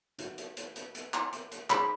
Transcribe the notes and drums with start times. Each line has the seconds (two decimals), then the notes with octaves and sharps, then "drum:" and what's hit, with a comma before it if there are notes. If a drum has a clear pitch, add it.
0.19 D#4 F#4 B4, drum: hi-hat
0.38 drum: hi-hat
0.57 drum: hi-hat
0.76 drum: hi-hat
0.95 drum: hi-hat
1.14 drum: clap
1.33 drum: hi-hat
1.52 drum: hi-hat
1.70 D#4 G#4 C5 B5, drum: clap